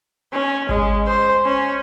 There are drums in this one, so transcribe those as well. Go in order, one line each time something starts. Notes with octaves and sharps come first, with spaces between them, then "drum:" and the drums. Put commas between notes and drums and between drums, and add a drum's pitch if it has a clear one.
C#4
G#3, drum: kick G#1
C5
C#4